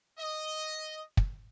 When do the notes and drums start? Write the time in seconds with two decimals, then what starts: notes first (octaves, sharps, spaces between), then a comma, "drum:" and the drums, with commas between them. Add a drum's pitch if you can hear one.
0.19 D#5
1.17 drum: kick